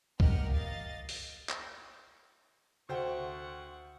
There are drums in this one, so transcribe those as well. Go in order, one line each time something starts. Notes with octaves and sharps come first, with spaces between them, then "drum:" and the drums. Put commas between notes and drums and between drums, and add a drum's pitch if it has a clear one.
G4 A#4 D#5 F#5 F6, drum: kick C2
D#5 F5 A6
drum: open hi-hat
drum: clap
D2 C5 F#5 G5 C#6